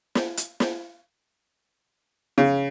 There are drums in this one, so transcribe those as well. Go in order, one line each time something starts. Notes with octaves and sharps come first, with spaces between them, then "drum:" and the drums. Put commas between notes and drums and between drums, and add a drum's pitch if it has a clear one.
drum: snare
drum: hi-hat
drum: snare
C#3